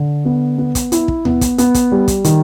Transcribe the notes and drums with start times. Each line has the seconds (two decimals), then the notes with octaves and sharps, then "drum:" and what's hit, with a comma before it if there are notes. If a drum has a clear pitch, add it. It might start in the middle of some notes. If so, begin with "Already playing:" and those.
Already playing: D3
0.25 B3
0.58 B3
0.75 drum: kick, hi-hat
0.92 E4, drum: hi-hat
1.08 drum: kick
1.25 B3, drum: tom D2
1.41 drum: kick, hi-hat
1.58 B3, drum: hi-hat
1.74 drum: kick, hi-hat
1.92 G3
2.08 drum: kick, hi-hat
2.24 D#3, drum: hi-hat